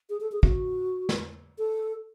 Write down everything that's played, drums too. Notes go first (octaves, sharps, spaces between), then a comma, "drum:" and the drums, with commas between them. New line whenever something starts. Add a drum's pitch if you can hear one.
G#4
A4
G#4
F#4, drum: kick
drum: snare
A4